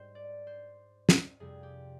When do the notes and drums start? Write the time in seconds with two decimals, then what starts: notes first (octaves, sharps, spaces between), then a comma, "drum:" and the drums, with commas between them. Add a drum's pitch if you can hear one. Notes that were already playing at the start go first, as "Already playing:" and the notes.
Already playing: G#2 G3 C5
0.15 D5
0.47 C5
1.09 drum: snare
1.40 F2 C3 G3 G#4
1.63 G4